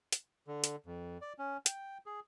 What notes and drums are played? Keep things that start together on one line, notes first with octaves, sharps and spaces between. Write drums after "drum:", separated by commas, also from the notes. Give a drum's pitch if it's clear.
drum: hi-hat
D3
drum: hi-hat
F2
D5
C#4
G5, drum: hi-hat
G#4